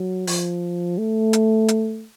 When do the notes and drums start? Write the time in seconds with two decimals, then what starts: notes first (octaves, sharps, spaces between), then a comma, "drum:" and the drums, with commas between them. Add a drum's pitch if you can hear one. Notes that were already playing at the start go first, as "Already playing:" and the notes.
Already playing: F#3
0.27 F3, drum: open hi-hat
0.98 A3
1.33 drum: hi-hat
1.68 drum: hi-hat